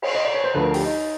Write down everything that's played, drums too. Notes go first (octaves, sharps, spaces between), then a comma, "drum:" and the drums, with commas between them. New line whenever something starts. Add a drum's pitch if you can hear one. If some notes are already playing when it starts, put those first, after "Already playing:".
drum: cymbal
D#5
D5
C#5
C5
D2 D3 F3 B4
A#4
G4, drum: open hi-hat
D#4